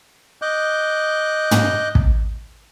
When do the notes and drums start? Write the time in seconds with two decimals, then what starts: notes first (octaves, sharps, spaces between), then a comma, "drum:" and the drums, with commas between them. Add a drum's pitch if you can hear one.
0.42 D#5 D6 F#6 G6
1.51 drum: tom
1.95 drum: kick